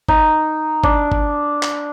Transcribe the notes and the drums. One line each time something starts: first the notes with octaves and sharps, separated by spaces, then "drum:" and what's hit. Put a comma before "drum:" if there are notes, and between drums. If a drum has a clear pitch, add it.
D#4, drum: kick
D4, drum: kick
drum: kick
drum: clap